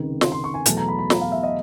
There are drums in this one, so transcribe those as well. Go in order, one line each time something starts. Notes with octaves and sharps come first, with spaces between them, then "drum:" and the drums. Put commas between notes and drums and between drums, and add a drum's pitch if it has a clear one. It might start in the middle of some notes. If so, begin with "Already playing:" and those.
Already playing: C#2 C3 D#3
C6, drum: snare
C6
C#6
G#5
E2 B2 F#3 A3 A5, drum: hi-hat
A#5
B5
B5
A#5, drum: snare
F5
E5
D#5